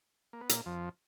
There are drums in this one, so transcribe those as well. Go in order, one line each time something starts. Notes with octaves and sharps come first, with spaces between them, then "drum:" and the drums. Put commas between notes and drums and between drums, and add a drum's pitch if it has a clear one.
A#3
B3
A#2 A#3, drum: hi-hat
F2 F3